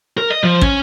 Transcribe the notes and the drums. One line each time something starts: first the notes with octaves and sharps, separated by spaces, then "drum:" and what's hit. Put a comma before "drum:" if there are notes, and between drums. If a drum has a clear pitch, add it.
A#4
D#5
F3
C#4, drum: kick